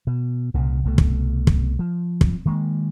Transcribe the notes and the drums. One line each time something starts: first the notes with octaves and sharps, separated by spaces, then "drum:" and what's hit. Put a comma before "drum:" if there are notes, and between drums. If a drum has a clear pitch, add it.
B2
C2 A#2 C#3
C2 B2 A3
drum: kick
drum: kick
F3
drum: kick
D#3 G#3 A#3